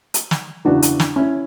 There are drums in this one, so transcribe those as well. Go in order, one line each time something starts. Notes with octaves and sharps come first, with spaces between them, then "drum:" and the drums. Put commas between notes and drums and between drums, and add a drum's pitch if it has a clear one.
drum: hi-hat
drum: snare
E2 C#3 E3 D4 F#4
drum: hi-hat
drum: snare
C#4 E4